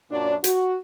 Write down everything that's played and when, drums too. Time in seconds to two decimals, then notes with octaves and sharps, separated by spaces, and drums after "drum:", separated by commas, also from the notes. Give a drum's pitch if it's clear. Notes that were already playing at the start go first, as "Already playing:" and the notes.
0.11 F#2 A#2 F#3 D4
0.44 F#4, drum: hi-hat